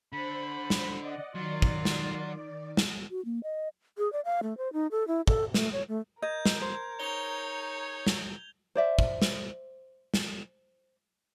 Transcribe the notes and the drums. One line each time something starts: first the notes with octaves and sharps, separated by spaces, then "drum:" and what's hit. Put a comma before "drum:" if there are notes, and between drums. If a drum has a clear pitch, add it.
D3 C5 B5
drum: snare
D5 D#5 F#5
D#3 F#3 F4 D5
drum: kick
drum: snare
drum: snare
F#4
A#3
D#5
G#4
D5
F5
A3
C5
D#4
A4
E4
A4, drum: kick
A3, drum: snare
C#5
A3
A#4 D#5 G6 G#6
drum: snare
C5
D#4 G#4 C#5 F7 G7
drum: snare
C5 D5 E5
drum: kick
drum: snare
drum: snare